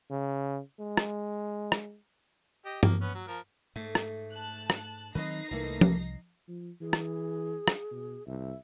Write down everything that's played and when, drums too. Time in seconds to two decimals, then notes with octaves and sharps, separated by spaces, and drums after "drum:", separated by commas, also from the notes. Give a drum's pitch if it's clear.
0.10 C#3
0.80 G#3
0.97 drum: rim click
1.72 drum: rim click
2.65 G4 D#5
2.83 F3 A#3, drum: tom G2
3.01 B3 C#4
3.15 F#3
3.27 F3 A#4
3.76 G#2 A3
3.95 drum: rim click
4.33 A5 F#6
4.70 drum: rim click
5.15 D#3 F#3 C4 D#4 B4 D#5 A#6 C7
5.51 C2 E3 A3 A#3
5.81 drum: tom F3
6.48 F3
6.81 E3 G#4
6.93 drum: rim click
7.68 drum: rim click
7.91 B2
8.27 C2 E5